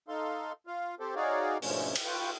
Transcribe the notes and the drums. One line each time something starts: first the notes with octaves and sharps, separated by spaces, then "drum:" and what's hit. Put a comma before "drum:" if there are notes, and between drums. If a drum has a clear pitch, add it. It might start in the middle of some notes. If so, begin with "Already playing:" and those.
D#4 A4 F5 C6
F4 F5
C4 G4 A4 C5
D#4 F#4 G#4 C#5 D5 F5
G#2 B2 D3 F3 A3 C#4, drum: open hi-hat
drum: cymbal
F4 B4 G5 C#6